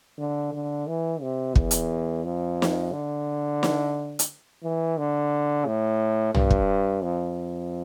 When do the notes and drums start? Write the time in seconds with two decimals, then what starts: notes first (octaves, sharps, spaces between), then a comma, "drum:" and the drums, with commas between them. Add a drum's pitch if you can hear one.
0.18 D3
0.53 D3
0.87 E3
1.22 C3
1.55 E2, drum: kick
1.71 drum: hi-hat
2.24 F2
2.62 drum: snare
2.93 D3
3.63 drum: snare
4.19 drum: hi-hat
4.63 E3
4.98 D3
5.66 A2
6.35 G2, drum: tom
6.50 drum: kick
7.03 F2